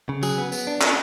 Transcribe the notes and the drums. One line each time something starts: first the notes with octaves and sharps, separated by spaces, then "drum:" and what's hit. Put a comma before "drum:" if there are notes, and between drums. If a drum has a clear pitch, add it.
C#3
F#3 G#4, drum: tambourine
B3
B3, drum: tambourine
D4
C#4 A4, drum: clap